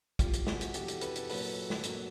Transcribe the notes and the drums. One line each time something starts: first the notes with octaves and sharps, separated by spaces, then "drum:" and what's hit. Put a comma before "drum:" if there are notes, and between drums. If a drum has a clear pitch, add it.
E2 C3 F3 F4 G4, drum: kick, hi-hat
drum: hi-hat
F#4 G#4, drum: snare
drum: hi-hat
E2 C3 F3 G4 A4, drum: hi-hat
drum: hi-hat
A4 B4, drum: hi-hat
drum: hi-hat
A#2 F#3 A#3 A4 B4, drum: open hi-hat
drum: snare
A#2 F#3 A#3, drum: hi-hat